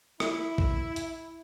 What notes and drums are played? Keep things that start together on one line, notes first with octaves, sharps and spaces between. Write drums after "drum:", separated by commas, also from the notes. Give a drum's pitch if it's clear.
E4, drum: rim click
drum: kick
drum: hi-hat